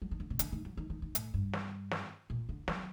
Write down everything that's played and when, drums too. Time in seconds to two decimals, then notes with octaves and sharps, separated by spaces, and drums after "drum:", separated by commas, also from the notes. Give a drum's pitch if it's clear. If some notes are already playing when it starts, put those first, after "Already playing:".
0.02 F#3
0.11 D#3
0.20 D3
0.30 C3
0.39 D3, drum: hi-hat
0.52 D#3
0.65 F#3
0.77 D#3
0.90 D#3
1.02 D#3
1.15 A2, drum: hi-hat
1.34 G2
1.53 drum: snare
1.91 drum: snare
2.30 A#2
2.49 D3
2.68 F#3, drum: snare